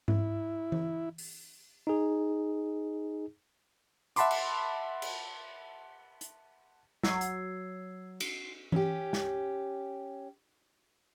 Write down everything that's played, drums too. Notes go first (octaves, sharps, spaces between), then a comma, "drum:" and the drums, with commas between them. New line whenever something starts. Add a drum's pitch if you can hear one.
E4, drum: tom G#2
drum: tom E3
drum: open hi-hat
D#4 G#4
E5 F#5 A5 B5 C6 D6, drum: hi-hat
drum: cymbal
drum: cymbal
drum: hi-hat
F#3 E6 G#6 C7, drum: snare
drum: hi-hat
F#4 C7, drum: cymbal
C#4 G4, drum: tom E3
drum: snare